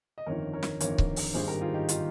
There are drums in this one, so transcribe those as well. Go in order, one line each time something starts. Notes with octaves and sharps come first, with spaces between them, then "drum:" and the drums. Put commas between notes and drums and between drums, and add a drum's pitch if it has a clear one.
D#5
G1 F2 D#3 A#4 C#5
A#4 C#5
drum: snare
G1 F2 D#3 A#4 C#5, drum: hi-hat
drum: kick C#1
drum: open hi-hat
G#1 G2 D#3 G#4 C5
G4 A#4
F4 G#4
D#4 G4
F4, drum: hi-hat
D#3